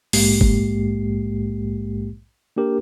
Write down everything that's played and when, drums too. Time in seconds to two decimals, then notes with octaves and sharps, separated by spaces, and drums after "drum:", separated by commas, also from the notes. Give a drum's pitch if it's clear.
0.13 A#1 G#2 G#3 A#3 G4 C7, drum: open hi-hat
0.41 drum: kick
2.56 A#3 D4 G4 A#4